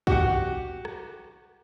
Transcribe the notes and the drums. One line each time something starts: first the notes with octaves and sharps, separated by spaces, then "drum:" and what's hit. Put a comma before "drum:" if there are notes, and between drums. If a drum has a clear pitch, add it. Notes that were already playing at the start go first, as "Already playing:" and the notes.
F#4 G4 F#5, drum: kick
drum: rim click